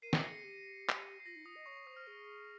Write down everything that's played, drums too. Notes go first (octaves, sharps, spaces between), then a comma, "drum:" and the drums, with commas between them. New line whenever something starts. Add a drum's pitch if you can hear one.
A#4 C7 D#7
A#4 C7 D#7, drum: snare
A#6 C#7
G#4 C7
G4
drum: clap
C7
F4 A#6
D#4
F4 D#6
D#5
C#5 C#6
C#6
C5 D#6
F6
G#4